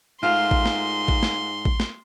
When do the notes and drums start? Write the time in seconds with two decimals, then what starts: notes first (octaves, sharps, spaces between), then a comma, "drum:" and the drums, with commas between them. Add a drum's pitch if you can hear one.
0.23 G#2 A3 F4 A#4 F5 C6
0.51 drum: kick A1
0.66 drum: snare
1.08 drum: kick A1
1.23 drum: snare
1.65 drum: kick A1
1.80 drum: snare